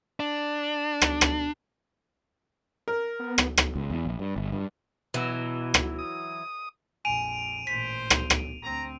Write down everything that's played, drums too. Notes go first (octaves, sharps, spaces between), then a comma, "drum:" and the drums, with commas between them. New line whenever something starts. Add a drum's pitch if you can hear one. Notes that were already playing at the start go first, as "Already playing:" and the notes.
D4
drum: rim click
drum: rim click
A#4
B3
drum: rim click
drum: rim click
C#2
E2
A#1
G2
G1
G2
B2 E3 F#3
drum: rim click
D#6
A#1 F2 G#5 D7 D#7 F7
A1 A#2 C5 B6
drum: rim click
drum: rim click
D2 C4 A#5